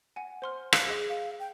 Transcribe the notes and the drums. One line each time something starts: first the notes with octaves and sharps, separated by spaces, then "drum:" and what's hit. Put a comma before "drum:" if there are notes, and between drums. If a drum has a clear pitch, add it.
F#5 G#5
C5 C6 F6
F5, drum: rim click
G#4 D#5
F5
G5